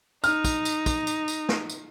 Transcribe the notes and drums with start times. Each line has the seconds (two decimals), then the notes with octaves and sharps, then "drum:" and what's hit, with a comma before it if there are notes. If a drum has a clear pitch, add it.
0.24 D#4 F6, drum: tambourine
0.44 drum: kick, tambourine
0.65 drum: tambourine
0.86 drum: kick, tambourine
1.07 drum: tambourine
1.28 drum: tambourine
1.49 drum: snare
1.70 drum: tambourine